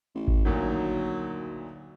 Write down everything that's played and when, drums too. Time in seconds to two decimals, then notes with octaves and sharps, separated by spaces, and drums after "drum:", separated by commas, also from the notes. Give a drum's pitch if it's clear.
0.15 A1
0.28 drum: kick G#1
0.45 D2 A#2 D#3 F#3